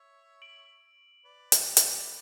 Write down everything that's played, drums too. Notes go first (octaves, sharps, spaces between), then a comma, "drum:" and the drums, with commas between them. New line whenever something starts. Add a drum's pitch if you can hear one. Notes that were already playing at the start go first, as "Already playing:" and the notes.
Already playing: C#5 E5
D7 F#7
B4 D5
drum: hi-hat
drum: hi-hat